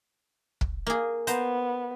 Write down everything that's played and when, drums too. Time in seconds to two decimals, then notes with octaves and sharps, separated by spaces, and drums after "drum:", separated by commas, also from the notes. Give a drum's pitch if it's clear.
0.61 drum: kick
0.87 A#3 G#4
1.27 B3 C5 A#5, drum: hi-hat